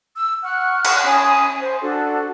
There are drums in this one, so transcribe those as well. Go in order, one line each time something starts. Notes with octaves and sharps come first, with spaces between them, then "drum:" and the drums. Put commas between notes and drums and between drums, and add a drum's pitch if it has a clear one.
E6
F#5 C#6 F6 F#6
drum: cymbal
C#4 G#5 B5 D#6
C5
D4 F#4 A4